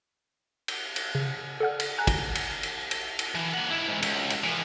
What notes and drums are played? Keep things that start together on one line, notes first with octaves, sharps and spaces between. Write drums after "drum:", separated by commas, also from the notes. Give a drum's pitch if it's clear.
drum: cymbal
drum: cymbal
C#3
A4 D5 F#5 F6
drum: cymbal
G#5 A#5 F#6
drum: kick, cymbal
drum: cymbal
drum: cymbal
drum: cymbal
drum: cymbal
E3
A#3 F#5
G#2 E4
G#2 E3
C#2, drum: cymbal
drum: cymbal
E3 F3